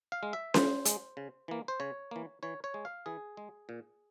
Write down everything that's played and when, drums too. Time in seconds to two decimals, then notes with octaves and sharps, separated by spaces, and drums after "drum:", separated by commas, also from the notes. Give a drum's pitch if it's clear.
0.12 F5
0.23 G#3
0.33 E5
0.54 E3 C5, drum: snare C#4
0.85 G#3, drum: hi-hat
1.17 C#3
1.48 E3 A#3
1.68 C5
1.80 C#3 C#5
2.11 E3 A#3
2.43 E3 C#5
2.64 C#5
2.74 G#3
2.85 F5
3.06 E3 G#4
3.37 G#3
3.69 A#2